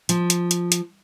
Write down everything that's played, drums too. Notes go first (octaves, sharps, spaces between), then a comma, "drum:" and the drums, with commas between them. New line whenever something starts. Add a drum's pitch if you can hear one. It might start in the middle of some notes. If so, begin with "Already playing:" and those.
F3, drum: hi-hat
drum: hi-hat
drum: hi-hat
drum: hi-hat